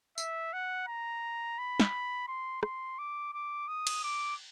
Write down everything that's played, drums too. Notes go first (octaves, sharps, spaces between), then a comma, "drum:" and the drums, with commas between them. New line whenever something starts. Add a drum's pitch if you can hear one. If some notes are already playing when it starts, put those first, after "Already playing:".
E5, drum: tambourine
F#5
A#5
B5
drum: snare
C6
C6, drum: rim click
D6
D6
D#6
drum: cymbal
D6